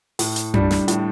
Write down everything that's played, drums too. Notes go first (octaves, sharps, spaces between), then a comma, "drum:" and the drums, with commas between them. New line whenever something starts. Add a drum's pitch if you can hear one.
A2, drum: open hi-hat
drum: hi-hat
G3 D4, drum: tom F#2
drum: snare
A2, drum: hi-hat